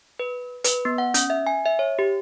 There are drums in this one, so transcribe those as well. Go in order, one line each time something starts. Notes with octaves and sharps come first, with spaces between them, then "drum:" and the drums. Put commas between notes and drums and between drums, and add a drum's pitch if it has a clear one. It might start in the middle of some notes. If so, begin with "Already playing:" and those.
B4
B4, drum: hi-hat
B3
F#5
C#4, drum: hi-hat
E5
G#5
E5
C#5
G4